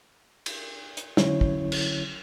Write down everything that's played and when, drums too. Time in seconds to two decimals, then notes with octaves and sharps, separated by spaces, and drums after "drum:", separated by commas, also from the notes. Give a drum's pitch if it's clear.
0.46 drum: cymbal
0.97 drum: hi-hat
1.17 D3 F#3 C#4 E4 C#5, drum: snare
1.41 drum: kick
1.72 drum: cymbal